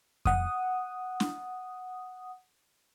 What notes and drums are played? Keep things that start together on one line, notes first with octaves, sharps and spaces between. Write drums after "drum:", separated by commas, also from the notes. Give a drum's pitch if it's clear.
F#5 D#6, drum: kick F2
drum: snare